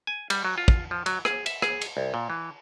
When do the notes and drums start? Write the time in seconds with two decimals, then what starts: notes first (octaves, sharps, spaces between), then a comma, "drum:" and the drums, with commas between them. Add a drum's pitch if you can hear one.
0.07 G#5
0.30 G3, drum: cymbal
0.45 F#3
0.58 F4
0.68 drum: kick
0.91 F3
1.06 F#3, drum: cymbal
1.25 G#4, drum: rim click
1.46 E5, drum: cymbal
1.62 G#4, drum: rim click
1.81 drum: cymbal
1.97 C2
2.14 A#2
2.30 E3